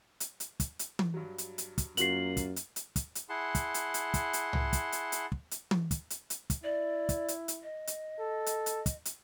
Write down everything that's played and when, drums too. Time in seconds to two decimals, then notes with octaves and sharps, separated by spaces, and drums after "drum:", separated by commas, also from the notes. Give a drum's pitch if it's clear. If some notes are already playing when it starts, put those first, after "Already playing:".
0.20 drum: hi-hat
0.40 drum: hi-hat
0.60 drum: kick, hi-hat
0.79 drum: hi-hat
0.99 drum: tom
1.14 G2 F#3
1.38 drum: hi-hat
1.58 drum: hi-hat
1.78 drum: kick, hi-hat
1.97 F#2 A#3 F4 F#4 C7 F#7, drum: hi-hat
2.37 drum: kick, hi-hat
2.56 drum: hi-hat
2.76 drum: hi-hat
2.96 drum: kick, hi-hat
3.15 drum: hi-hat
3.29 E4 G#4 F#5 A5 C6
3.55 drum: kick, hi-hat
3.74 drum: hi-hat
3.94 drum: hi-hat
4.14 drum: kick, hi-hat
4.33 drum: hi-hat
4.53 drum: tom C2
4.73 drum: kick, hi-hat
4.92 drum: hi-hat
5.12 drum: hi-hat
5.32 drum: kick
5.51 drum: hi-hat
5.71 drum: tom
5.91 drum: kick, hi-hat
6.10 drum: hi-hat
6.30 drum: hi-hat
6.50 drum: kick, hi-hat
6.64 E4 D5
7.09 drum: kick, hi-hat
7.28 drum: hi-hat
7.48 drum: hi-hat
7.63 D#5
7.87 drum: hi-hat
8.19 A4
8.46 drum: hi-hat
8.66 drum: hi-hat
8.86 drum: kick, hi-hat
9.05 drum: hi-hat